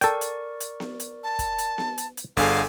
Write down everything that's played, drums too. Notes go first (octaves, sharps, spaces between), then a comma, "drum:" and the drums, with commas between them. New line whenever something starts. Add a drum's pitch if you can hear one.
A4 A#4 D5 G5 C#6, drum: hi-hat
drum: hi-hat
drum: hi-hat
drum: snare B3
drum: hi-hat
A5
drum: kick, hi-hat
drum: hi-hat
drum: snare B3
drum: hi-hat
drum: hi-hat
G1 D3 G#4 A4 F5 G#5, drum: kick, open hi-hat